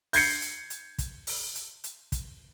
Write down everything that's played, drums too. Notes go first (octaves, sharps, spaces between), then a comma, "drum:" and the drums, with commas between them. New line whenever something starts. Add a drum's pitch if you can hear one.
G6 G#6 C7 C#7, drum: open hi-hat
drum: hi-hat
drum: hi-hat
drum: kick, hi-hat
drum: open hi-hat
drum: hi-hat
drum: hi-hat
drum: kick, hi-hat